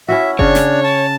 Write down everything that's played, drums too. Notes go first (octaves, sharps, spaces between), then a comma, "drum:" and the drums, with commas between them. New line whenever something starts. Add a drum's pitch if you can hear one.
C#4 E4 F#4 E5
C#3 D4 C#5, drum: kick F#1
drum: snare
A5